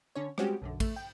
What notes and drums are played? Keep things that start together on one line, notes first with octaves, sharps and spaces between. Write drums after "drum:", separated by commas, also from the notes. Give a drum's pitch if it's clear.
D3 C#4 C#5
G3 G#3 C4 C#4 F#4 G4, drum: rim click
B1 F#2 D3
A3, drum: kick, cymbal
G5